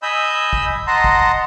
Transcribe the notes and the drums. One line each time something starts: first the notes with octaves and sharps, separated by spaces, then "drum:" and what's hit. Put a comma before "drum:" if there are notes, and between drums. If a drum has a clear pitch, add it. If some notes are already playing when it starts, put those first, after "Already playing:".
D#5 G#5 B5 E6 G6
drum: kick
D#5 F#5 A5 A#5 C6
drum: kick